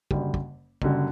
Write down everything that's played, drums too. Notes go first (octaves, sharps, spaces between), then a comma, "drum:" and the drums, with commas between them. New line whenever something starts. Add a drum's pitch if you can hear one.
F#1 F#2 D3 G3, drum: kick
drum: kick
F#1 F#2 D3 G3, drum: kick